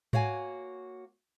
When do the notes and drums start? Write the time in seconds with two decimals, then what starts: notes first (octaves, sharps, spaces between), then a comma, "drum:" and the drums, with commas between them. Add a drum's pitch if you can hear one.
0.13 A#3 F#4 C#5 F5 F#5 G#5, drum: tom G#2